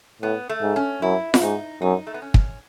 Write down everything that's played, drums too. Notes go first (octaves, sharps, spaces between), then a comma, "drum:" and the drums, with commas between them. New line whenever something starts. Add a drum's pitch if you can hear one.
A2 B3
A3
G#2
C#4
F#2 E4
E4, drum: snare F4
G#2 D#4
F#2 D#4
A3
B3
C#4
drum: kick